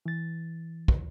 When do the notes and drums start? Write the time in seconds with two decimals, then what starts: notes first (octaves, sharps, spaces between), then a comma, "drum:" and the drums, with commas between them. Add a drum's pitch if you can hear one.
0.06 E3 A6
0.88 drum: kick